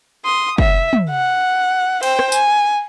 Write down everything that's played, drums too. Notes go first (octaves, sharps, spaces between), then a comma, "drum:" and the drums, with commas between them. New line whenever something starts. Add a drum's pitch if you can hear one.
C6 D#6
E5, drum: kick
drum: tom
F#5
C5 G5, drum: cymbal
drum: rim click
G#5, drum: tambourine